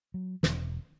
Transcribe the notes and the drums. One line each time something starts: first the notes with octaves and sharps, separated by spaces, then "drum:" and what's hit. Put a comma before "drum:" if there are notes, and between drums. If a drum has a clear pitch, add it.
F#3
E1, drum: snare